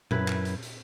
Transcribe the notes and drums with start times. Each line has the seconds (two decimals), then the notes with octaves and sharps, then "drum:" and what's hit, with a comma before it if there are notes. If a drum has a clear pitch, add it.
0.11 F#2 E4 B4, drum: tom A#2
0.28 drum: clap
0.45 drum: hi-hat
0.63 drum: hi-hat